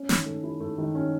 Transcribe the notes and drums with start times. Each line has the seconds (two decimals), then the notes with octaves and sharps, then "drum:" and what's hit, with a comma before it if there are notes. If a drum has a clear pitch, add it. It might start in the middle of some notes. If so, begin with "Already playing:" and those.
Already playing: C#4
0.09 D#3, drum: snare
0.26 A3
0.43 E4
0.61 A3
0.78 D#3
0.95 C#4